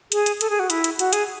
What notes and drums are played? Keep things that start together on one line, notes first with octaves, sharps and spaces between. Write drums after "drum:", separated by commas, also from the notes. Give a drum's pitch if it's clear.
G#4, drum: hi-hat
drum: hi-hat
A4, drum: hi-hat
G#4
F#4
E4, drum: hi-hat
drum: hi-hat
F#4, drum: hi-hat
G#4, drum: hi-hat